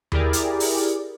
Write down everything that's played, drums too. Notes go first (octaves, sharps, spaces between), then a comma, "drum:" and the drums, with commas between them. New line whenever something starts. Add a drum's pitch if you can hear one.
E4 G4 G#4 A#4 D5, drum: tom D#2
drum: hi-hat
drum: open hi-hat